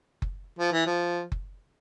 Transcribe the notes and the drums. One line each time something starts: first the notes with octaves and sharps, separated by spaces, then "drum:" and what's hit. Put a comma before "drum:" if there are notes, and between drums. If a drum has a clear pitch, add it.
drum: kick F#1
F3
E3
F3
drum: kick F#1